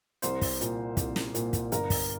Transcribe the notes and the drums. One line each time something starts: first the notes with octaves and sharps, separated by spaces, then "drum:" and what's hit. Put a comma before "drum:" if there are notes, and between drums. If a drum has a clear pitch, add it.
C2 C5, drum: hi-hat
drum: kick, open hi-hat
A#2, drum: hi-hat
C2, drum: kick, hi-hat
drum: snare
A#2, drum: hi-hat
drum: kick, hi-hat
G1 A#4, drum: hi-hat
drum: kick, open hi-hat